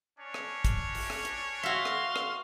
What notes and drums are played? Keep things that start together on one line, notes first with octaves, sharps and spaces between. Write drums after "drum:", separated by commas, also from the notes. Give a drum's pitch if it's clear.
C#4 D4 C#5
drum: rim click
drum: kick, hi-hat
drum: open hi-hat
drum: rim click
drum: hi-hat
F#4 E5 F5 C6
drum: rim click
drum: rim click